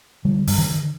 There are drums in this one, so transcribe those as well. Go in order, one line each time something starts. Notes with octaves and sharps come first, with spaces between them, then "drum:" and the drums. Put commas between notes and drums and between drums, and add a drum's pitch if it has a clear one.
D3 G3
G2, drum: open hi-hat
D#3
D3